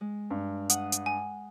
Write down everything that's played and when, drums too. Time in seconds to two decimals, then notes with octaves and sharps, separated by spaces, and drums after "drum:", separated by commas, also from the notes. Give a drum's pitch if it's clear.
0.01 G#3
0.31 G2
0.70 F#5 D#6, drum: hi-hat
0.92 drum: hi-hat
1.06 G#5